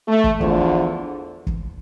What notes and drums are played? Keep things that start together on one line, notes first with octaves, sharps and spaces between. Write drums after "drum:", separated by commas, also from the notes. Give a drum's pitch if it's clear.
A3
drum: kick
E2 D3 F3, drum: kick
drum: kick